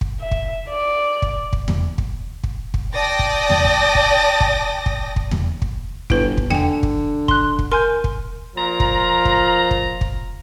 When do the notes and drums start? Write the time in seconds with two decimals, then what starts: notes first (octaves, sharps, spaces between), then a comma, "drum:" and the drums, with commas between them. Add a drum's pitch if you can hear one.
0.01 drum: kick
0.21 E5
0.31 drum: kick
0.69 D5
1.22 drum: kick
1.53 drum: kick
1.68 drum: tom E2
1.98 drum: kick
2.44 drum: kick
2.74 drum: kick
2.94 D5 G5 A5 D#6 A#6
3.19 drum: kick
3.50 drum: tom E2
3.65 drum: kick
3.95 drum: kick
4.40 drum: kick
4.86 drum: kick
5.16 drum: kick
5.31 drum: tom E2
5.62 drum: kick
6.10 G1 E4 B4, drum: kick
6.37 drum: kick
6.50 D3 G5 G#5 C#7, drum: tom E2
6.83 drum: kick
7.28 C6 F#6, drum: kick
7.59 drum: kick
7.72 A#4 G#5 C6 G6
8.04 drum: kick
8.56 A#2 F3 F4 A#5
8.80 drum: kick
9.25 drum: kick
9.71 drum: kick
10.01 drum: kick